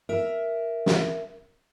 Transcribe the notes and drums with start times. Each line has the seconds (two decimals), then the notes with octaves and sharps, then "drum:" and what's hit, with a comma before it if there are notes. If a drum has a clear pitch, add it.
0.09 A#4 E5
0.86 drum: snare